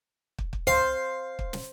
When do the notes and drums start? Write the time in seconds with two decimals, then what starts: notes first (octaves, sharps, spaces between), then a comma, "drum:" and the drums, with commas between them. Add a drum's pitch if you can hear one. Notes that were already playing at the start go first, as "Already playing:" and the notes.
0.38 drum: kick
0.53 drum: kick
0.67 C5 F5, drum: tom
1.39 drum: kick
1.53 drum: snare